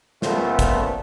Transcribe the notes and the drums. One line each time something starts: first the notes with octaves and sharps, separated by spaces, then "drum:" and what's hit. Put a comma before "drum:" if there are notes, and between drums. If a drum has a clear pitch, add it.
C#2 A#2 A3 B3 A4 C5, drum: snare
drum: kick, hi-hat